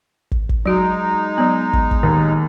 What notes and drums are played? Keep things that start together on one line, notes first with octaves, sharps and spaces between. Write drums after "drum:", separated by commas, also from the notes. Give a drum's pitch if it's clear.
drum: kick
drum: kick
F#3 G#3 D#4 F#4
F#3 B3
drum: kick
drum: kick
D#2